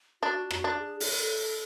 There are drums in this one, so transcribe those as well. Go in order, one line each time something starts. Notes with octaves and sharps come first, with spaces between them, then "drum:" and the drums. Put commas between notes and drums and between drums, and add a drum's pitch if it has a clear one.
D4 F#4
F#4, drum: rim click
D4
G#4
G#4, drum: open hi-hat
A4